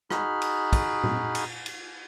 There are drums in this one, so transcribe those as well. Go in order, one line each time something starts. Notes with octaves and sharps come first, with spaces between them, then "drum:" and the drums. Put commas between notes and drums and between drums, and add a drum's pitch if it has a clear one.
D#4 F#4 G#4 B5 F6, drum: rim click
drum: cymbal
drum: kick, cymbal
drum: tom
drum: cymbal
drum: cymbal